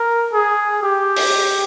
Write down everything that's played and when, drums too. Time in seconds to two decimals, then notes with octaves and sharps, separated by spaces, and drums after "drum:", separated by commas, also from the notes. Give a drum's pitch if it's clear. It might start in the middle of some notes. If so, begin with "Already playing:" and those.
Already playing: A#4
0.33 G#4
0.83 G4
1.16 drum: open hi-hat